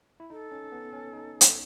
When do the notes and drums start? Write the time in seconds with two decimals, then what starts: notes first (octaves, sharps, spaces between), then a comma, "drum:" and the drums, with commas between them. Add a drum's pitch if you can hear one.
0.20 E4
0.30 D#4 A4
0.51 C#4
0.72 B3
0.93 C#4
1.13 D#4
1.41 drum: hi-hat